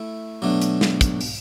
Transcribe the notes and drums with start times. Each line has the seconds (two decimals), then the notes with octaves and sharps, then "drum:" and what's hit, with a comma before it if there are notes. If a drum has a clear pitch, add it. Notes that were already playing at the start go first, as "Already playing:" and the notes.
Already playing: A3 E4
0.42 B2 F#3 A3 D4
0.62 drum: hi-hat
0.81 drum: snare
1.01 drum: kick, hi-hat
1.21 drum: open hi-hat